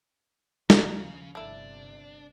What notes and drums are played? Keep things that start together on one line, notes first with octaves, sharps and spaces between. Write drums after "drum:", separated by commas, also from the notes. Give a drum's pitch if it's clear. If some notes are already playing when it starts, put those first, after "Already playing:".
D#2 C#3 F3 D#4, drum: snare
G1 C3 A3 D4 E4